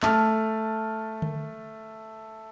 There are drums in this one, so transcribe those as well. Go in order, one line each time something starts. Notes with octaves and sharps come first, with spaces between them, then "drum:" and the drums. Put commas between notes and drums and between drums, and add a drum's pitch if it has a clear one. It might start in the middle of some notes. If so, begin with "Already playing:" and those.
A3 A5 F6, drum: clap
drum: tom D3